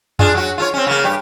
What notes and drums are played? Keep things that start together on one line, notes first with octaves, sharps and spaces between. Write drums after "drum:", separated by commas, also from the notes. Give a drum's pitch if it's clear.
D4 F4 G#4, drum: tom F2
F#3 F#4
F4 A4 C#5
C4 C#4
C#3 A#3
G2 G4